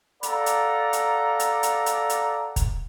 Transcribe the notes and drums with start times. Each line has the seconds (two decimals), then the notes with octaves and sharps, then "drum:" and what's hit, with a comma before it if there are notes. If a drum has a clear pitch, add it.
0.23 A4 D5 F5 F#5 A#5, drum: hi-hat
0.46 drum: hi-hat
0.93 drum: hi-hat
1.40 drum: hi-hat
1.63 drum: hi-hat
1.86 drum: hi-hat
2.10 drum: hi-hat
2.56 drum: kick, hi-hat